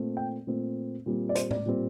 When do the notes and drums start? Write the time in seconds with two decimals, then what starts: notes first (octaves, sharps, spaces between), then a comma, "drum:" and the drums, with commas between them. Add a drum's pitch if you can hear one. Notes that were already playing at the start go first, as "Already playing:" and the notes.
Already playing: A#2 A3 C4
0.17 G5
0.47 A#2 A3 C4
1.06 A#2 G3 C4
1.29 D5
1.35 C5, drum: hi-hat
1.51 D5, drum: tom A2
1.66 A#2 G3 C4